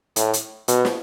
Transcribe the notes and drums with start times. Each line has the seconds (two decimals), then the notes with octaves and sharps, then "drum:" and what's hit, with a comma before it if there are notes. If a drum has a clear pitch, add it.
0.16 A2, drum: hi-hat
0.33 drum: hi-hat
0.68 B2, drum: hi-hat
0.85 drum: snare